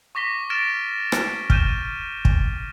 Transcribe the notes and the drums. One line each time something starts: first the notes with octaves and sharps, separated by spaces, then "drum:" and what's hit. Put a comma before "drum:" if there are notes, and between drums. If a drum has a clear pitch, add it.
C#6 D6 A#6 B6 G7
F6 A6 A#6 D7 E7 G7
drum: rim click
F6 G6 D#7 E7, drum: kick
drum: kick